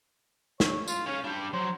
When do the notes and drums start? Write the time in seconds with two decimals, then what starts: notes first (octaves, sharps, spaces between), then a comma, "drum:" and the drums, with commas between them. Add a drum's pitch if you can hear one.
0.60 C#5, drum: snare
0.88 F4, drum: tambourine
1.06 C#4 C#5 F5
1.24 G3 D4 G4
1.53 F#3 C5